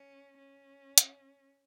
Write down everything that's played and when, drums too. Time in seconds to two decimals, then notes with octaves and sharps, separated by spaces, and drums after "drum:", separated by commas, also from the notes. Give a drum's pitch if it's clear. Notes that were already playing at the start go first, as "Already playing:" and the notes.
Already playing: C#4
0.37 C#4
0.98 drum: hi-hat